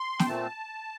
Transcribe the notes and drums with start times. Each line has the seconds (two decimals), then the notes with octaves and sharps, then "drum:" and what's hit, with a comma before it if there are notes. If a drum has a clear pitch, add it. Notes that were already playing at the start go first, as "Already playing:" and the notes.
Already playing: C6
0.19 G5, drum: snare
0.25 A#2 A3 C4 A5